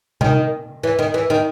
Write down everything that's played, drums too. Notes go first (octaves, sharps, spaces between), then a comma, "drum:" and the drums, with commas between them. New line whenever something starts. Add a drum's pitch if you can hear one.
D#3, drum: tom C3
E3
D#3
E3
D#3